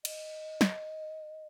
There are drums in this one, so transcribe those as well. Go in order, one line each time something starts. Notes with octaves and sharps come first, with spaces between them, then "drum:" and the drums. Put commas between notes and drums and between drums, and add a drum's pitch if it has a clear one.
D#5, drum: cymbal
drum: snare